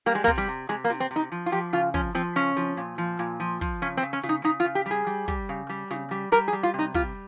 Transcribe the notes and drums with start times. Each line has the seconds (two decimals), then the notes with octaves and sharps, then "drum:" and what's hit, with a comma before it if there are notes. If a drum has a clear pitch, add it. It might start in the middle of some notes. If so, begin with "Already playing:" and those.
0.06 G3 A#3
0.15 G#3
0.24 A#3
0.27 C3, drum: kick, open hi-hat
0.38 G3
0.48 C3
0.69 C3 G#3, drum: hi-hat
0.84 A#3
0.90 C3, drum: snare
1.00 C4
1.11 C3, drum: hi-hat
1.16 D#4
1.32 F3
1.46 F4
1.52 F3 G4, drum: hi-hat
1.73 C#3 F4
1.94 F3 C#4, drum: kick, open hi-hat
2.15 F3 C4
2.36 C#3 C#4, drum: hi-hat
2.56 F3, drum: snare
2.77 A#2, drum: hi-hat
2.98 F3
3.19 A#2, drum: hi-hat
3.40 F3
3.61 F3, drum: kick, open hi-hat
3.82 C#3 C#4
3.97 C4
4.02 C#3, drum: hi-hat
4.13 C#4
4.23 C#3, drum: snare
4.29 D#4
4.44 C#3 D#4, drum: hi-hat
4.60 F4
4.65 C#3
4.75 G4
4.86 G3 G#4, drum: hi-hat
5.07 G3
5.28 G3, drum: kick, open hi-hat
5.49 C#3
5.69 G3, drum: hi-hat
5.91 C#3, drum: snare
6.11 G3, drum: hi-hat
6.32 G3 A#4
6.48 G#4
6.53 G3, drum: hi-hat
6.63 F4
6.74 C3 D#4
6.94 G3 F4, drum: kick, open hi-hat